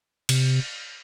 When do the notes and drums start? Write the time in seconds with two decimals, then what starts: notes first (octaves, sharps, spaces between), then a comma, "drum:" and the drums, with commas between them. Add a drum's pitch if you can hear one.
0.29 C3, drum: cymbal